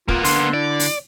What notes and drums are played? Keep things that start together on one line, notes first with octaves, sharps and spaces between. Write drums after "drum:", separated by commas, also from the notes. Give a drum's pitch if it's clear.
A#3 B3 F4, drum: kick
D3 C6, drum: open hi-hat
E4 D5
drum: open hi-hat